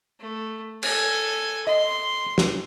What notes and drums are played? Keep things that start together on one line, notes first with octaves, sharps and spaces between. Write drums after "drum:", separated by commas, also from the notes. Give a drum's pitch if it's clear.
A3
A4 G#5, drum: cymbal
D#5 C6
drum: snare